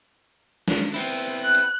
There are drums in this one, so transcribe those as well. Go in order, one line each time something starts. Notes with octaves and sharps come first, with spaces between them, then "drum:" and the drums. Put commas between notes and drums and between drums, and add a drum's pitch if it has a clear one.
drum: snare
B3 C4 E4
F#6
drum: hi-hat